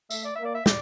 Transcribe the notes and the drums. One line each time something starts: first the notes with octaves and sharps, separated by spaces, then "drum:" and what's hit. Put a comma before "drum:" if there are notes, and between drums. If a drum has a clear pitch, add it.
A3 E5, drum: tambourine
D5
A#3 E5
D5
E5
D5, drum: snare